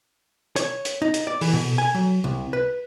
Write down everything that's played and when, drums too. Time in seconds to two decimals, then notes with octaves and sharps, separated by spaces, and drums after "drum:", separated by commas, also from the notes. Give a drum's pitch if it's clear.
0.56 C#5, drum: hi-hat
0.85 drum: hi-hat
1.02 D#4
1.14 drum: hi-hat
1.27 D5
1.41 E3, drum: open hi-hat
1.53 B2
1.78 G#5
1.94 F#3
2.24 C2
2.53 B4